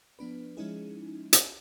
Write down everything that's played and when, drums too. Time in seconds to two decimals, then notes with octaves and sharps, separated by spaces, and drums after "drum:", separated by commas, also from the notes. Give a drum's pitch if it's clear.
0.19 F3 B3 D4 B4
0.57 F3 G#3 C#4 D#4 E4 G#4
1.33 drum: hi-hat